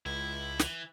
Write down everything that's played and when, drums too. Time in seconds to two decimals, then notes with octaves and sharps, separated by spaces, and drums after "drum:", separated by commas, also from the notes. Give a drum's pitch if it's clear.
0.06 C#2 E4
0.59 E3, drum: snare